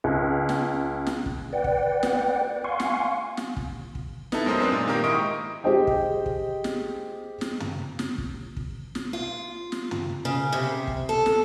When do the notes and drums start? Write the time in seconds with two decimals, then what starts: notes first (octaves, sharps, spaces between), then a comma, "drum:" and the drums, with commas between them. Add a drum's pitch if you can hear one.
0.04 C#2
0.49 drum: snare
1.07 drum: snare
1.26 drum: kick
1.53 B4 D5 F#5 G5
1.64 drum: kick
2.03 drum: snare
2.64 F5 F#5 G#5 C6 C#6
2.80 drum: snare
3.37 drum: snare
3.57 drum: kick
3.95 drum: kick
4.32 B3 D#4 E4 A4, drum: snare
4.46 F#2 G#3 A#4 C5 D#6
4.60 B3 C4 D4 D#4
4.72 A#2
4.87 D#3 G#3 A#3 G4 A#4
5.04 G#2 E4 D#5 C#6 D#6 D7
5.64 G4 G#4 C5 D#5 G5
5.87 drum: kick
6.26 drum: kick
6.64 drum: snare
7.41 drum: snare
7.60 drum: tom
7.99 drum: snare
8.18 drum: kick
8.57 drum: kick
8.95 drum: snare
9.13 F4
9.72 drum: snare
9.91 drum: tom
10.25 C#3
10.53 C3
10.87 drum: kick
11.09 A4
11.26 drum: snare